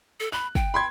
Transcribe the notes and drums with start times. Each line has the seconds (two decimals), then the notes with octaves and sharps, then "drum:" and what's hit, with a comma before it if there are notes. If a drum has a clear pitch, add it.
0.20 A4
0.32 B5 F#6
0.55 G5, drum: kick
0.74 B5 C6 G#6